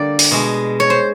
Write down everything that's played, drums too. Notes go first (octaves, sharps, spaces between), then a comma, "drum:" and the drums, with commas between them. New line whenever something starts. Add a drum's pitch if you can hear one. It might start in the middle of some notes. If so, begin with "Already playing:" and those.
Already playing: D3 G3 A#3 D5
drum: open hi-hat
B2 G#3
C#5
C5